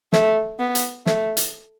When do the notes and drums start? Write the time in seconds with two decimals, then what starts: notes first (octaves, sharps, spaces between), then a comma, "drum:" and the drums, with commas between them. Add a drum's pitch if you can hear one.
0.13 A3, drum: snare
0.59 B3
0.75 drum: hi-hat
1.06 A3, drum: snare
1.37 drum: hi-hat